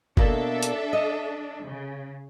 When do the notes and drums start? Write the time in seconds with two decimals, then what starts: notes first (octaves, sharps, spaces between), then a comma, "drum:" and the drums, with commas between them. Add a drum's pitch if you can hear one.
0.17 B2 A#3 D4 A4 E5, drum: kick F#1
0.63 drum: hi-hat
0.93 D#5
1.65 C#3